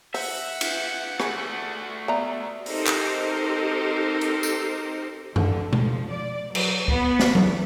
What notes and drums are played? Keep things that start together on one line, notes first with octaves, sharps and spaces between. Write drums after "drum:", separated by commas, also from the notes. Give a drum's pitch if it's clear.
C5 E5 F#5, drum: open hi-hat
drum: cymbal
A3 F#4 G#4 B4, drum: rim click
B3 D5 E5 A#5
C4 D#4 G4 A4 A#4 C5, drum: open hi-hat
drum: clap
drum: hi-hat
drum: tambourine
D3, drum: tom F#2
F3, drum: tom B2
D5
F#3, drum: cymbal
B3, drum: kick C#2
drum: snare
E2, drum: tom F#3